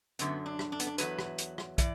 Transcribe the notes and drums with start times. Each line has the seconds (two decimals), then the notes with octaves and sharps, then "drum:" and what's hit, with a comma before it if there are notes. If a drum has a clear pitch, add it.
0.19 F#2 D3 F#3 B3, drum: hi-hat
0.46 D4
0.59 drum: rim click
0.72 D4
0.80 B3, drum: hi-hat
0.87 D4
0.98 E2 B2 F#3 B4, drum: hi-hat
1.19 drum: rim click
1.38 drum: hi-hat
1.58 drum: rim click
1.78 E3 D5, drum: kick, hi-hat